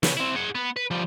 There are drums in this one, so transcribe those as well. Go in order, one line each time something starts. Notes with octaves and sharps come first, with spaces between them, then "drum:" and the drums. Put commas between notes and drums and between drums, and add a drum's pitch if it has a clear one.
C#3, drum: snare
C4 E4
G#4 F#5
B3
B4
F3 G3